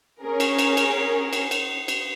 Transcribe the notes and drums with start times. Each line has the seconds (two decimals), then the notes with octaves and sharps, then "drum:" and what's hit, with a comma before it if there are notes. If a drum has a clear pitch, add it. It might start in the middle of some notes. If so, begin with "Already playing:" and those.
0.21 C#4 G#4 A#4
0.40 drum: cymbal
0.58 drum: cymbal
0.77 drum: cymbal
1.33 drum: cymbal
1.51 drum: cymbal
1.88 drum: cymbal